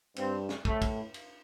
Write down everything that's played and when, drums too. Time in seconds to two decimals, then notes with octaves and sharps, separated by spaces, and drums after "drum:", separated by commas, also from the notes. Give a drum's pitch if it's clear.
0.16 G2 C4, drum: cymbal
0.49 drum: snare
0.65 A2 A3, drum: kick
0.82 drum: kick, cymbal
1.14 drum: cymbal